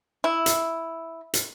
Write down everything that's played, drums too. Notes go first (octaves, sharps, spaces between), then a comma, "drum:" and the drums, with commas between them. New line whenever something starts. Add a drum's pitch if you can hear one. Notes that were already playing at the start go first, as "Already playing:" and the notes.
E4
drum: hi-hat
drum: hi-hat